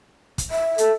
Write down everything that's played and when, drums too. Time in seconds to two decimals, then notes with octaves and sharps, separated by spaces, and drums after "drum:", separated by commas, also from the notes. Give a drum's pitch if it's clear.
0.38 drum: kick, hi-hat
0.51 E5
0.78 A4, drum: hi-hat